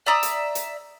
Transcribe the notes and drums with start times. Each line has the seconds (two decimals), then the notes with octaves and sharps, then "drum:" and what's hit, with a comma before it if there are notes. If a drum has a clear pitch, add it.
0.06 D5 E5 A#5 D#6
0.23 drum: hi-hat
0.55 drum: hi-hat